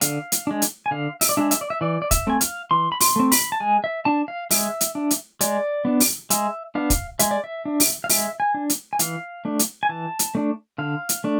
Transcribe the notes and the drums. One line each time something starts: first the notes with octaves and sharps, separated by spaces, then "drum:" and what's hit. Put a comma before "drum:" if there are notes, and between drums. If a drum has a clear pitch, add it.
D3 F5, drum: hi-hat
drum: hi-hat
G#3 D4
drum: hi-hat
G#5
D3 F5
E5, drum: open hi-hat
D5
G#3 D4 E5
E5, drum: hi-hat
D5
E5
E3 D5
D5
E5, drum: kick, hi-hat
A3 C4 G#5
F5, drum: hi-hat
E3 C6
B5
C6, drum: open hi-hat
A3 C4
B5, drum: open hi-hat
A5
G#3 G#5
E5
D4 A5
F5
G#3 E5, drum: open hi-hat
drum: hi-hat
D4
drum: hi-hat
G#3 D5, drum: hi-hat
B3 D4
drum: open hi-hat
G#3 E5, drum: hi-hat
B3 D4 F5
drum: kick, hi-hat
G#3 E5, drum: hi-hat
D5
E5
D4
drum: open hi-hat
F5
G#3 E5, drum: open hi-hat
G#5
D4
drum: hi-hat
G#5
E3 F5, drum: hi-hat
A3 D4
drum: hi-hat
G#5
E3 A5
drum: hi-hat
A3 D4
D3 F5
drum: hi-hat
A3 D4